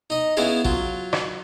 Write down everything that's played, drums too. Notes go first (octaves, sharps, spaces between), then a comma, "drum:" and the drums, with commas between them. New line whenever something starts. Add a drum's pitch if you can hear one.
D#4 D#5
B3 C#4 E4 G#4 F5
F#3 F4, drum: kick
drum: rim click